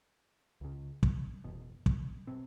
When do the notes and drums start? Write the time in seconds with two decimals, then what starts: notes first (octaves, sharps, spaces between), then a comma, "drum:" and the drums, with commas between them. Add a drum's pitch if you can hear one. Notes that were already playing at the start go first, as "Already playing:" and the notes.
0.61 C#2 C#3
1.03 drum: kick
1.44 F#1 E2 B2
1.86 drum: kick
2.27 B2 C4